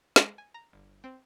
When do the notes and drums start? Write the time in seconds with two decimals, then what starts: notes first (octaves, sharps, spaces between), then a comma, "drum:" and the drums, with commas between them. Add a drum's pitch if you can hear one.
0.16 G#3, drum: snare
0.38 G#5
0.54 A#5
0.73 G1
1.04 C4